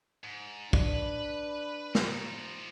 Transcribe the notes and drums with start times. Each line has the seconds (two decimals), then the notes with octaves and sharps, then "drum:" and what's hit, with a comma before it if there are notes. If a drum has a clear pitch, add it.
0.24 G#2
0.73 D4 B4, drum: kick
1.95 F3 D#4, drum: snare